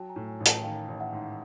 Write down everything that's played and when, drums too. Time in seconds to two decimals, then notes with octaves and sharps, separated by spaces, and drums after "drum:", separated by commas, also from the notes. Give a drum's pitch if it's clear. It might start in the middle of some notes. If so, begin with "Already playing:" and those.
Already playing: F#3 G5 A5
0.09 G#5 A#5
0.16 A2
0.28 G#5 A#5
0.40 A1
0.46 G5 A5, drum: hi-hat
0.64 D#3 F5 G5
0.88 A1
1.00 E5 F#5
1.12 G#2